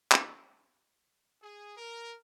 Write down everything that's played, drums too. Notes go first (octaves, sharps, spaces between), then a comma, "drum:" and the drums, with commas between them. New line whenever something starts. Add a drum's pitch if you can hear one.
drum: clap
G#4
A#4